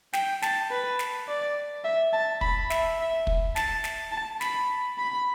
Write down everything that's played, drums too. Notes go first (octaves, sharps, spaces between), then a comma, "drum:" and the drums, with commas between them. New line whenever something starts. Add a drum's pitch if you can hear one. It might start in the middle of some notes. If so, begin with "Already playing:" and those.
G5, drum: snare
A5, drum: snare
B4
drum: snare
D5
E5
A5
B5, drum: kick
E5, drum: snare
E5
drum: kick
A5, drum: snare
drum: snare
A5
B5, drum: snare
B5